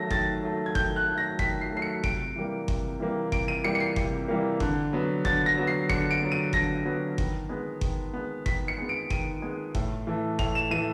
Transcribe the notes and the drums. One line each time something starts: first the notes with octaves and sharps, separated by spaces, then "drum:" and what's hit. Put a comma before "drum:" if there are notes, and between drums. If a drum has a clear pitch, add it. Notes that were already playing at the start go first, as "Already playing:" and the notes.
Already playing: D#3 F#3 A3 A#6
D#3 A6, drum: kick G1
F#3 A3
G#6
D#3 G6, drum: kick G1
F#6
F#3 A3
A#6
D#3 B6, drum: kick G1
C7
F#3 A3 C7
C#7
C3 D7, drum: kick G1
E3 G3 A#3
C3, drum: kick G1
E3 G3 A#3
C3 D7, drum: kick G1
D#7
E3 G3 A#3 C#7
C#7
C7
C3, drum: kick G1
E3 G3 A#3
D3, drum: kick G1
F#3 B3
D3 A6, drum: kick G1
A#6
F#3 B3
C7
D3 C#7, drum: kick G1
D7
F#3 B3
D#7
D3 A#6, drum: kick G1
F#3 B3
D#3, drum: kick G1
G#3 B3
D#3, drum: kick G1
G#3 B3
D#3 B6, drum: kick G1
C#7
G#3 B3
D7
D#3 D#7, drum: kick G1
G#3 B3
A2, drum: kick G1
E3 A3
A2 F7, drum: kick G1
E7
E3 A3 D#7